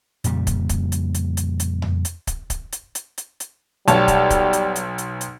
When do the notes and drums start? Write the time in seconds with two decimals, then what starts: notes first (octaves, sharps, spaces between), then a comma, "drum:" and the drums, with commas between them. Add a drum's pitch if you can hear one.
0.24 F2 A#2 C#3 G3, drum: hi-hat
0.47 drum: kick, hi-hat
0.69 drum: kick, hi-hat
0.92 drum: hi-hat
1.14 drum: hi-hat
1.37 drum: hi-hat
1.60 drum: hi-hat
1.82 drum: tom F2
2.05 drum: hi-hat
2.27 drum: kick, hi-hat
2.50 drum: kick, hi-hat
2.72 drum: hi-hat
2.95 drum: hi-hat
3.18 drum: hi-hat
3.40 drum: hi-hat
3.88 B1 G3 C#5 A5, drum: hi-hat
4.08 drum: kick, hi-hat
4.30 drum: kick, hi-hat
4.53 drum: hi-hat
4.76 drum: hi-hat
4.98 drum: hi-hat
5.21 drum: hi-hat